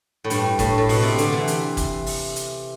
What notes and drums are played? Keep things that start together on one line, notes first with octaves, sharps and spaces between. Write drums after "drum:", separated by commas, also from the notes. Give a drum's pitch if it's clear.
A2
G2, drum: hi-hat
A2, drum: kick F#1, hi-hat
A2
B2, drum: open hi-hat
C3
D3, drum: hi-hat
C3 E3
drum: hi-hat
drum: kick F#1, hi-hat
drum: open hi-hat
drum: hi-hat